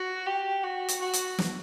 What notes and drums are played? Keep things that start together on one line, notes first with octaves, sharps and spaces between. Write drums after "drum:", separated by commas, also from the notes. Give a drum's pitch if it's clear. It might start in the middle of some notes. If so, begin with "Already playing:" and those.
Already playing: F#4
G4
F#4
drum: hi-hat
F#4
drum: hi-hat
drum: snare